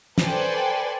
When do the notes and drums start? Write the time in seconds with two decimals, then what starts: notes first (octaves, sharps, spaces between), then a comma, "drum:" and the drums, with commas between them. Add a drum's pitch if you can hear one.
0.18 A4 B4 C5 D5 G5 G#5, drum: snare